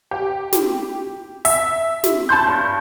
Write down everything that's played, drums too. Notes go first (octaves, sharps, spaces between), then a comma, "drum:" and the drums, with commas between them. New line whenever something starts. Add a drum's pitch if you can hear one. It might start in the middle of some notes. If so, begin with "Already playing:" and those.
G4
drum: snare
E5, drum: open hi-hat
drum: snare
A5 B5 C6 G6
G2